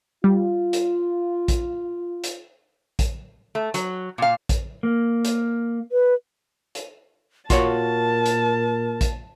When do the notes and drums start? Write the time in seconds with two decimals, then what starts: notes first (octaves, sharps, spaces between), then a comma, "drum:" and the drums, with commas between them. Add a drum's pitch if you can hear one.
0.24 G3 F4
0.73 drum: hi-hat
1.48 drum: kick A#1, hi-hat
2.24 drum: hi-hat
2.99 drum: kick A#1, hi-hat
3.55 A3
3.74 F#3, drum: hi-hat
4.18 A#2 F5
4.49 drum: kick A#1, hi-hat
4.83 A#3
5.25 drum: hi-hat
5.92 B4
6.75 drum: hi-hat
7.50 A#2 F4 F#4 A#4 C#5 A5, drum: kick A#1, hi-hat
8.26 drum: hi-hat
9.01 drum: kick A#1, hi-hat